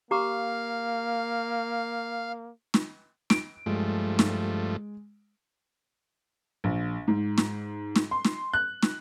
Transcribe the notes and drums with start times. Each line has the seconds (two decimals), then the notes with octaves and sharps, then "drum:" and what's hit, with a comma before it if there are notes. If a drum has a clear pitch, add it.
0.11 A#3 G4 F5 A#5 D6
2.74 drum: snare
3.30 D7, drum: snare
3.66 G2 F3 G#3 A3
4.19 drum: snare
6.64 A#1
7.08 G#2
7.38 drum: snare
7.96 drum: snare
8.11 C6
8.25 drum: snare
8.53 F#6
8.82 drum: snare